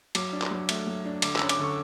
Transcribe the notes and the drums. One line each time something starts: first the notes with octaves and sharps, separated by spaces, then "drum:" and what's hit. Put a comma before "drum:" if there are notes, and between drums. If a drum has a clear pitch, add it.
F#3 D6, drum: cymbal
D4
drum: clap
F#3
A3, drum: cymbal
F#3
D4
D3 D6, drum: cymbal
C#4 E6, drum: clap
D6, drum: cymbal
D3 C#6